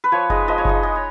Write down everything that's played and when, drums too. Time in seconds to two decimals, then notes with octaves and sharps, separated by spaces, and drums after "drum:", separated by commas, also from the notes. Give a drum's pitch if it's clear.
0.04 B4
0.12 F3 C#5
0.30 G#3 D#4 D#5, drum: kick F#1
0.48 F3 D#5
0.58 C#5
0.65 G#3 D#4 D#5, drum: kick F#1
0.83 G#3 D#5
0.96 C#5